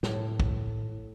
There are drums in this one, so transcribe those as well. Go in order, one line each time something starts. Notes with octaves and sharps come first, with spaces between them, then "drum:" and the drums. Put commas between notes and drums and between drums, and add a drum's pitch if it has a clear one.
A2, drum: snare
drum: kick